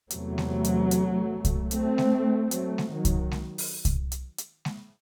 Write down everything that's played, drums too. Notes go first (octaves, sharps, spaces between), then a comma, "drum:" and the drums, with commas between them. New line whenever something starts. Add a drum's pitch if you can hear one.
E2 C3 F#3 A3, drum: hi-hat
drum: snare G#3
drum: hi-hat
drum: hi-hat
drum: kick C2, hi-hat
A3 C4, drum: hi-hat
drum: snare G#3
F#3 A3, drum: hi-hat
drum: snare G#3
D#3 F#3
drum: kick C2, hi-hat
drum: snare G#3
drum: open hi-hat
drum: kick C2, hi-hat
drum: hi-hat
drum: hi-hat
drum: snare G#3